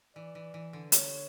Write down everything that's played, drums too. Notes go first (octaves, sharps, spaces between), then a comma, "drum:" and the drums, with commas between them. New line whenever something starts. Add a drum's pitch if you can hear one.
E3 D5
E3
E3
D3
C#5, drum: hi-hat